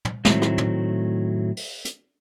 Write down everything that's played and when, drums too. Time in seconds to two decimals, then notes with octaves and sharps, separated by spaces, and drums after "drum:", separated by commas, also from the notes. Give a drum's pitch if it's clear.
0.05 drum: tom
0.25 A2 D#3 F#3 A3 C4 E4, drum: snare
0.42 drum: rim click
0.58 drum: tom
1.57 drum: open hi-hat
1.85 drum: hi-hat